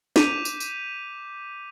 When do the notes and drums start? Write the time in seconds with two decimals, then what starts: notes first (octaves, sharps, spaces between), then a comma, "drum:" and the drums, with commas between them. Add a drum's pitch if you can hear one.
0.16 D6 G6 B6 D#7 F7, drum: snare
0.45 drum: tambourine
0.60 drum: tambourine